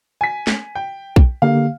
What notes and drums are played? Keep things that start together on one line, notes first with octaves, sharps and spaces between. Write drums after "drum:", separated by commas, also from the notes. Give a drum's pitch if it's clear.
G#5 B6
drum: snare
G5
drum: kick B1
D3 A#3 G4 F5